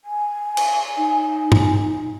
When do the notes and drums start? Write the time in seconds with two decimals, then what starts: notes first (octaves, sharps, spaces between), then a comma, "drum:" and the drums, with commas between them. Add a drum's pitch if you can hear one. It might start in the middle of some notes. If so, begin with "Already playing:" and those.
0.04 G#5
0.57 drum: cymbal
0.97 D#4
1.52 drum: tom